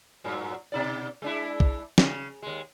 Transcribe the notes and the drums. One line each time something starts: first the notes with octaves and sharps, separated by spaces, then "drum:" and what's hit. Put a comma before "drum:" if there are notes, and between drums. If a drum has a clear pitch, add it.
G2 A#2 F#3
B2 D#4 D5
G#3 D4 E4
drum: kick
C#3, drum: snare
D#2 G#3